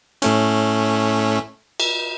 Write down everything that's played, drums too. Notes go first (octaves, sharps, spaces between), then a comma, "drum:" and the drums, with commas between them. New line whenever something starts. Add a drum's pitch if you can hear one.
A2 A3 C#4, drum: hi-hat
drum: cymbal